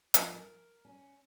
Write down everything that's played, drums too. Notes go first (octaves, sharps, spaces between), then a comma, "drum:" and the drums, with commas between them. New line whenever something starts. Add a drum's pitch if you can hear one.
F3, drum: hi-hat
A#4
C#4